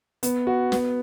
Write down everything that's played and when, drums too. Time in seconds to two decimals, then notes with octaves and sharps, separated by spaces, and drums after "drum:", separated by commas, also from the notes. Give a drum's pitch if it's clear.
0.23 B3, drum: hi-hat
0.47 F#4
0.72 B3, drum: snare